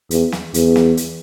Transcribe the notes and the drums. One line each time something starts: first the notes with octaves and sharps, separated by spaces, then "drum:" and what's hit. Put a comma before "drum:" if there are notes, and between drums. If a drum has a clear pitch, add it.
E2, drum: hi-hat
drum: snare
E2, drum: hi-hat
drum: snare
drum: hi-hat